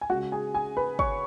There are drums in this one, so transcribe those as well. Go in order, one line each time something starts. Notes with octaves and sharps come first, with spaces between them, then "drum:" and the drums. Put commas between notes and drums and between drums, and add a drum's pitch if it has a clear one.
G#5
C#3 G#3 F#4 F#5
G#4 G#5
G#4 G#5
B4 B5
C#5 C#6, drum: kick